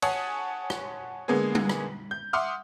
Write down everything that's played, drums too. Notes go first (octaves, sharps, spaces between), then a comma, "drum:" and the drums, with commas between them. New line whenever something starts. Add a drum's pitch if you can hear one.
C#5 F#5 G#5 A5 D#6, drum: cymbal
drum: rim click
D3 G#3 A#3 B3 G#4
drum: tom G3
drum: rim click
G6
E5 F#5 C6 D6 D#6 F6